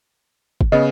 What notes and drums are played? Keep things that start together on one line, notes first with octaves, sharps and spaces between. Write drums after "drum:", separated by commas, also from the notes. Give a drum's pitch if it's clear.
drum: kick G1
C#3 B3 D#5